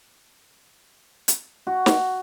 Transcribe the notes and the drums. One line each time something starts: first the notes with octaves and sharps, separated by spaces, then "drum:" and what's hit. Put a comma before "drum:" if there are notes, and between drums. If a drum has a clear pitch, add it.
drum: hi-hat
F#4
drum: snare